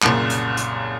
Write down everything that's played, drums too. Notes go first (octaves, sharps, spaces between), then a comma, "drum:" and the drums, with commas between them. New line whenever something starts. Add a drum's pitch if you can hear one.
C2 F#2 A#2 C#3, drum: clap
drum: hi-hat
drum: hi-hat